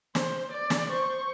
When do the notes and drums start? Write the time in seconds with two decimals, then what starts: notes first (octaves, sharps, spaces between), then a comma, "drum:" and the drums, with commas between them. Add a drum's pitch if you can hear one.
0.15 C5, drum: snare
0.52 D5
0.70 drum: snare
0.90 C5 C#6